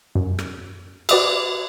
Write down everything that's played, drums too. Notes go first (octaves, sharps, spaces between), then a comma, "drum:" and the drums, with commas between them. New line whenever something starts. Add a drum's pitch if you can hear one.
F#2
drum: rim click
F#4 B4 D5 D6 D#6, drum: cymbal